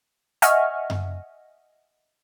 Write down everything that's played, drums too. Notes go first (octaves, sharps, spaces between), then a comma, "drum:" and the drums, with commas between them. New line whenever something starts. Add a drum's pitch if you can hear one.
D#5 E5 F#5 G#5 C#6 F6, drum: hi-hat
drum: tom F#2